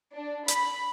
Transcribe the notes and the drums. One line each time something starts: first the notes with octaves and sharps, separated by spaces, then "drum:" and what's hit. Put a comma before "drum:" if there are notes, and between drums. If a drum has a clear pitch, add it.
D4
B5, drum: hi-hat